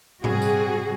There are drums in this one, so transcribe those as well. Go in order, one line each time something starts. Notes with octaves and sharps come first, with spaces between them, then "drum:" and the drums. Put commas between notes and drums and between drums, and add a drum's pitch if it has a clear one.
C3 G3 F#4 G#4, drum: tom G#2
drum: tambourine